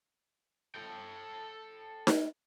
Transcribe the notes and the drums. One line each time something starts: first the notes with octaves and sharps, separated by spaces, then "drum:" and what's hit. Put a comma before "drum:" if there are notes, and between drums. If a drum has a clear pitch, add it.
A4 G5
drum: snare D#4